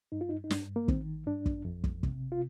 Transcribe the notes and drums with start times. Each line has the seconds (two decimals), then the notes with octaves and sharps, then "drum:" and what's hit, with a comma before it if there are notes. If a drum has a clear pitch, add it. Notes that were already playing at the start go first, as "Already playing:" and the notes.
0.12 G2 D#4
0.21 F4
0.29 D#4
0.44 D#4
0.50 G2 D4, drum: snare
0.76 A#3
0.88 D#3 C4, drum: kick
1.27 G2 D4
1.46 drum: kick
1.65 F2
1.84 drum: kick
2.03 C3, drum: kick
2.32 F4